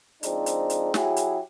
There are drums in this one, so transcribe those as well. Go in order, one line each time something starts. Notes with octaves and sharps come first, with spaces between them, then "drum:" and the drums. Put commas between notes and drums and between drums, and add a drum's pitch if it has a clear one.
F3 G#3 C4 D4 D#4, drum: hi-hat
drum: hi-hat
drum: hi-hat
F#3 E4 G4 G#4, drum: snare
drum: hi-hat